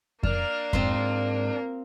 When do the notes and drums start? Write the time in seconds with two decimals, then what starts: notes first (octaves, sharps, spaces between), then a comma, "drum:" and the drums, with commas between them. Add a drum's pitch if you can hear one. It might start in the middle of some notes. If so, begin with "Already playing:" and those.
0.23 A#3 D4 A#4 F6, drum: kick F2
0.73 G#2 C4 F4 C6, drum: kick F2